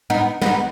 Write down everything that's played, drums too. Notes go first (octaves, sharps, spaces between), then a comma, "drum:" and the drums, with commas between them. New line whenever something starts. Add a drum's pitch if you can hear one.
B3 D#4
B3 D#4, drum: snare